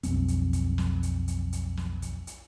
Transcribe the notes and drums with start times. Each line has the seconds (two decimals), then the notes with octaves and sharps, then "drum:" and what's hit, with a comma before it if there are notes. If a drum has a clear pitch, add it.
0.03 B1 F2 G3 C4, drum: kick, hi-hat
0.28 drum: hi-hat
0.53 drum: kick, hi-hat
0.78 drum: snare
1.03 drum: hi-hat
1.28 drum: hi-hat
1.53 drum: hi-hat
1.77 drum: snare
2.02 drum: kick, hi-hat
2.27 drum: hi-hat